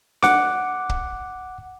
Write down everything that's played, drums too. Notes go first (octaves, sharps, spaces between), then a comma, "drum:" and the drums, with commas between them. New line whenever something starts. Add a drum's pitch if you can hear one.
F#5 D6, drum: snare D4
drum: kick